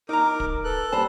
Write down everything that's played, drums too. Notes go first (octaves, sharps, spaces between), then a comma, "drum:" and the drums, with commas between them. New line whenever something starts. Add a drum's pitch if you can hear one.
D#4 A#4 A#5 D6
drum: kick
A4 B4 F#6
G3 C5 A5 B5